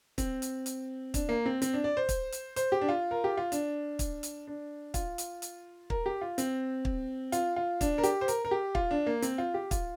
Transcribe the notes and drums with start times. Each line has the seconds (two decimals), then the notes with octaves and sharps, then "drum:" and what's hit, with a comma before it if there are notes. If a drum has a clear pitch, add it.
0.18 C4, drum: kick, hi-hat
0.42 drum: hi-hat
0.66 drum: hi-hat
1.14 D4, drum: kick, hi-hat
1.29 A#3
1.46 C4
1.62 C4, drum: hi-hat
1.74 D4
1.84 D5
1.97 C5
2.09 drum: kick, hi-hat
2.32 drum: hi-hat
2.56 C5, drum: hi-hat
2.72 G4
2.81 D4
2.89 F4
3.11 A#4
3.24 G4
3.38 F4
3.52 D4, drum: hi-hat
3.99 drum: kick, hi-hat
4.23 drum: hi-hat
4.47 D4
4.94 F4, drum: kick, hi-hat
5.18 drum: hi-hat
5.42 drum: hi-hat
5.90 A#4, drum: kick
6.06 G4
6.21 F4
6.38 C4, drum: hi-hat
6.85 drum: kick
7.32 F4, drum: hi-hat
7.56 F4
7.81 D4, drum: kick, hi-hat
7.98 A#4
8.03 G4, drum: hi-hat
8.21 C5
8.28 A#4, drum: hi-hat
8.45 A#4
8.51 G4
8.75 F4, drum: kick
8.91 D4
9.07 A#3
9.22 C4, drum: hi-hat
9.38 F4
9.54 G4
9.71 F4, drum: kick, hi-hat